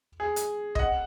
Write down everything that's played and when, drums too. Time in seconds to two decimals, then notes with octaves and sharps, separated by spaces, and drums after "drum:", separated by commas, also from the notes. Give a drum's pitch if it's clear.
0.20 G#4
0.36 drum: hi-hat
0.75 D#5, drum: kick
0.79 F#5